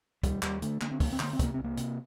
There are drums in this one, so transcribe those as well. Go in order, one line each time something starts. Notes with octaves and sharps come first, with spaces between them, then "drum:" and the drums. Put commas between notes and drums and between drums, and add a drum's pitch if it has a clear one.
D#2 G3, drum: kick, hi-hat
D#2 G3, drum: clap
D3 A3, drum: hi-hat
D3 A#3, drum: clap
C4
D#2 A#3, drum: kick, open hi-hat
C4
D3 A#3, drum: clap
C4
C3 A#3, drum: kick, hi-hat
C2 C4
A#3
C3, drum: hi-hat